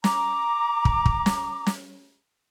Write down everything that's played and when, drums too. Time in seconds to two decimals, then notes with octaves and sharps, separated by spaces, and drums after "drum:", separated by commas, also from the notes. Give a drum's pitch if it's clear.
0.04 A#5 D6, drum: snare
0.85 drum: kick
1.05 drum: kick
1.26 drum: snare
1.66 drum: snare